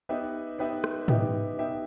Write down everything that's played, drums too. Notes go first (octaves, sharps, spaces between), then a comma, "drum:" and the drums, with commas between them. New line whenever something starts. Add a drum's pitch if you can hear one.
B3 D#4 G4 B4 E5
B3 D#4 G4 B4 E5
drum: rim click
B3 D#4 G4 B4 E5, drum: tom G#2
B3 D#4 G4 B4 E5